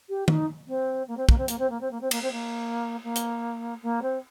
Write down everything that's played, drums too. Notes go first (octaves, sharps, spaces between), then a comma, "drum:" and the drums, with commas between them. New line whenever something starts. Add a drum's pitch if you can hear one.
G4
D#4, drum: tom
C4
A#3
C4
A#3, drum: kick
C4
A#3, drum: hi-hat
C4
A#3
C4
A#3
C4
A#3, drum: cymbal
C4
A#3
A#3
drum: hi-hat
A#3
C4